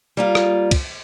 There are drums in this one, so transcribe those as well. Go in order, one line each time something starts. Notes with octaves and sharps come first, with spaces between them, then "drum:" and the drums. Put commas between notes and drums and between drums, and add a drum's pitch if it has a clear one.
G3 A#3 F4
drum: rim click
drum: kick, cymbal